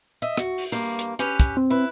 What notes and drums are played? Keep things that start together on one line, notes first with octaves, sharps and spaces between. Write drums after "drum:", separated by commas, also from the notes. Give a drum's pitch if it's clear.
D#5 E5
F#4, drum: rim click
drum: open hi-hat
G2 A#3
drum: hi-hat
C#4 G4 B4, drum: hi-hat
drum: kick, hi-hat
C4
E4 B4